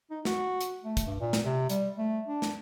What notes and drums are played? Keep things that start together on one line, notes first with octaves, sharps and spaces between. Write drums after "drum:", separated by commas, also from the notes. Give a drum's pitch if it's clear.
D#4
F#4, drum: snare
drum: hi-hat
A3
drum: kick, hi-hat
G2
A#2
drum: snare
C3
G3, drum: hi-hat
A3
D4
drum: snare